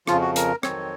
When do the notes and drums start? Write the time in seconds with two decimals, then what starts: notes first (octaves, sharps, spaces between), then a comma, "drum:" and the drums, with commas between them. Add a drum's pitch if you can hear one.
0.07 F2 C#3 F3 F4, drum: rim click
0.21 F#4
0.36 A#4, drum: hi-hat
0.63 F2 D#3 F#3 C4 C#5, drum: rim click